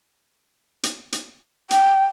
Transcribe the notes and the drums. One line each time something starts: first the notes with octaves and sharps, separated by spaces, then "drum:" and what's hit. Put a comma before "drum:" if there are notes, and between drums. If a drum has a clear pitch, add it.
drum: hi-hat
drum: hi-hat
G5, drum: hi-hat